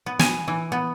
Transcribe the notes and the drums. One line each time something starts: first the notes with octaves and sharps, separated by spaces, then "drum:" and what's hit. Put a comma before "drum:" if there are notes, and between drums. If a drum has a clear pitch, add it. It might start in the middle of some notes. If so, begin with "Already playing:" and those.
B3
G#5, drum: snare
E3
B3